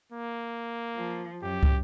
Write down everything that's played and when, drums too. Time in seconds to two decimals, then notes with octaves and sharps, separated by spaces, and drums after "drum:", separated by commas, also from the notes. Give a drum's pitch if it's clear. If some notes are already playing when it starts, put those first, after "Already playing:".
0.12 A#3
0.96 F3
1.43 F#2 G4
1.63 drum: kick